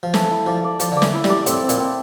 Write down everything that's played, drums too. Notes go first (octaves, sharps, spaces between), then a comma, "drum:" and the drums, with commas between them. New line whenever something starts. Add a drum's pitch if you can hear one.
F3
E3 A4, drum: snare
E4
F3 D5
D5
F3 D5, drum: hi-hat
D3 D5
E3, drum: snare
E4
G3, drum: snare
D5
A2 C4, drum: hi-hat
C4
A#2, drum: hi-hat
C4